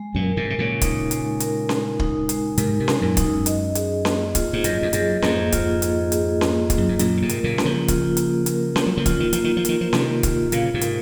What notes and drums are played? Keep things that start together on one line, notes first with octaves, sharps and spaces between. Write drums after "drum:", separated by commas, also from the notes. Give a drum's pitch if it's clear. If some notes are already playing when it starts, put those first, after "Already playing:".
Already playing: G#3
F#2 A#2
A#4
G#2 C3
C3 G#3
A#2 C#3
D#4, drum: kick, hi-hat
G#3, drum: hi-hat
A#4, drum: hi-hat
G#3, drum: snare C#4
D#4, drum: kick
G#3, drum: hi-hat
G#2 C3 A#4, drum: hi-hat
G#2 C3
G#3, drum: snare C#4
F#2 A#2
D#4, drum: kick, hi-hat
F#2
D#5, drum: hi-hat
G#4, drum: hi-hat
A#3, drum: snare C#4
F4, drum: kick, hi-hat
G#2
F#2 D#5, drum: hi-hat
F2
F#2 G#4, drum: hi-hat
F2 G#2 A#3, drum: snare C#4
F4, drum: kick, hi-hat
D#5, drum: hi-hat
G#4, drum: hi-hat
A#3, drum: snare C#4
F4, drum: kick, hi-hat
F#2
G#2
F#2 A#2 A#3, drum: hi-hat
C#3
G#2 C3
A#4, drum: hi-hat
A#2 C#3
A#3, drum: snare C#4
C#3 F3
F4, drum: kick, hi-hat
A#3, drum: hi-hat
A#4, drum: hi-hat
F3 A#3, drum: snare C#4
F#3
C#3 F3
F4, drum: kick, hi-hat
D#3
F3 A#3, drum: hi-hat
D#3
F3
D#3 A#4, drum: hi-hat
F3
C3 D#3 A#3, drum: snare C#4
F4, drum: kick, hi-hat
A#2 C#3 F5, drum: hi-hat
G#2 C3
A#4, drum: hi-hat